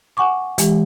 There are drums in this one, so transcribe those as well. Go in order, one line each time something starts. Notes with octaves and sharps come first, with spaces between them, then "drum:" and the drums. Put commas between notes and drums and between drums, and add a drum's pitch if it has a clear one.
F#5 G#5 C#6 D6
E3 G#3 G4, drum: hi-hat